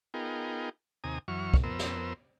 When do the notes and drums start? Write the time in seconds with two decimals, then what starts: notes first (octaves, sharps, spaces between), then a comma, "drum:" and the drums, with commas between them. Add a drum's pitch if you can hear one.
0.14 B3 D#4 F4 G#4 A#4 G5
1.04 D#2 C3 G#5 A#5 D#6
1.28 F#2 E3 F#3 C#6 F6
1.54 drum: kick
1.64 F2 B3 A#4 C5 E6
1.79 drum: snare